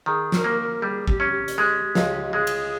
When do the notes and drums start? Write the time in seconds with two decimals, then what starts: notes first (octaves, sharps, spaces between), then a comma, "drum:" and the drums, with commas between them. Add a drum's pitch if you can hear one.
0.06 D#3 G#4
0.32 A#4, drum: snare
0.44 A#3
0.57 A#4
0.82 G3 G#4
1.08 G4, drum: kick
1.20 C#4
1.32 G4
1.48 drum: hi-hat
1.58 G#3
1.95 C#2, drum: snare
2.33 G#3 G#4
2.47 drum: cymbal